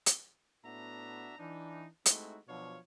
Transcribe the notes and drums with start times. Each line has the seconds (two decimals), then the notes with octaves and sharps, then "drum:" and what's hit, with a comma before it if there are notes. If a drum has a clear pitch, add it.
0.06 drum: hi-hat
0.64 A2 B3 D4 F#4 E5 A#5
1.39 E3 D4 D#4
2.06 G#3 A3 C4 D#4 E4 F#4, drum: hi-hat
2.48 B2 F3 F#3 D4 C#5 F5